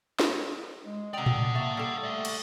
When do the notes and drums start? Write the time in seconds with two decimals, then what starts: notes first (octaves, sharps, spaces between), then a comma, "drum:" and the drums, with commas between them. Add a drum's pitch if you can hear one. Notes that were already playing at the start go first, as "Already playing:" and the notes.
0.19 drum: snare
0.85 G#3
1.14 C3 D5 F#5 G5 D#6 D7 F7
1.26 drum: tom A2
1.55 A#3 E5 C#6 A6
1.77 G3 A4
2.04 A3 D5 E5
2.25 C#6 A6, drum: cymbal